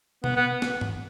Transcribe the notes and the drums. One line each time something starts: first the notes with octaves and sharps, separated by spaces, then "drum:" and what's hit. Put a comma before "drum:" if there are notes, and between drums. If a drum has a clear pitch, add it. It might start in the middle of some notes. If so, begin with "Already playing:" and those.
B3, drum: tom B2
B3
drum: snare
drum: tom G2